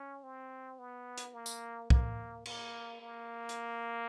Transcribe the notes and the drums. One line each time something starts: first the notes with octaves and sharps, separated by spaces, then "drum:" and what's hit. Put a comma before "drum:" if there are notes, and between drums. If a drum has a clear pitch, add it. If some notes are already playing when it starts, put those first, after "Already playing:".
Already playing: C#4
C4
B3
drum: hi-hat
A#3
drum: tambourine
A#3, drum: kick
A#3, drum: cymbal
A#3
drum: hi-hat